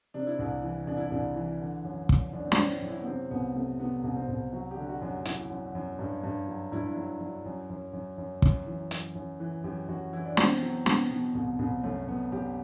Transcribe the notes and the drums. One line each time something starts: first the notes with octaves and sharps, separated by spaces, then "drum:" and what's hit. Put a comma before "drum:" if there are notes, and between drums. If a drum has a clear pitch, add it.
C3 D4
E4
C2 D4
E3
C2 D4
E4
D4
C2
E3
D3
F#2
F#2, drum: kick
F#2 D4
C4
D4, drum: snare
F#2
E4
F#2
E4
B3
C3 C4
C2 B3
C3 A3
C3 B3
C2
C4
C2
F#3 F#4
G4
D3
F#4
F#2
F#4
F#2 E4, drum: hi-hat
F#2
F#2
G2
G2
F#3
G2 E4
D4
F#3 E4
F#3
F#2
F#2
F#2
F#2
F#2, drum: kick
E3
F#2, drum: hi-hat
F#2
E3
F#2 G4
F#2 F#4
E3 E4
D4
B2 C4, drum: snare
F#3
B2, drum: snare
B2
C2
C2
F#2 A3
F#2 B3
F#2 G4